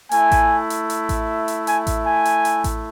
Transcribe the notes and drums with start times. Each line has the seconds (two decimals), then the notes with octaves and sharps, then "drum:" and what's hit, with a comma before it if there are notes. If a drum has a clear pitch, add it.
0.11 A3 E4 G#5, drum: hi-hat
0.31 drum: kick A1, hi-hat
0.70 drum: hi-hat
0.90 drum: hi-hat
1.09 drum: kick A1, hi-hat
1.48 drum: hi-hat
1.67 G#5, drum: hi-hat
1.87 drum: kick A1, hi-hat
2.06 G#5
2.25 drum: hi-hat
2.45 drum: hi-hat
2.64 drum: kick A1, hi-hat